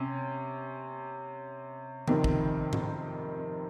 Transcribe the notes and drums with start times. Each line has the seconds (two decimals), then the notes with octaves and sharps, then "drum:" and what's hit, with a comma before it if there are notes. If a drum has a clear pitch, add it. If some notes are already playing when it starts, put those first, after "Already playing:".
Already playing: C3 C#4
2.08 F2 C3 D#3, drum: tom C#3
2.24 drum: kick
2.73 drum: tom G#2